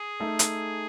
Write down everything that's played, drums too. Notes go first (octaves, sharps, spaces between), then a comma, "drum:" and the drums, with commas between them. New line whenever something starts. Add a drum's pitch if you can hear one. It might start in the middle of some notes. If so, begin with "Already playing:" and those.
Already playing: G#4
A3 D#4 A4 E5
drum: hi-hat